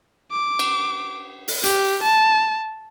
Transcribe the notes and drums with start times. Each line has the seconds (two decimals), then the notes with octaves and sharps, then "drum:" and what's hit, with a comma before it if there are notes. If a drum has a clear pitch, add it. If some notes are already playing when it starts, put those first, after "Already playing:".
0.32 D6
0.59 drum: cymbal
1.48 drum: open hi-hat
1.64 G4, drum: hi-hat
2.03 A5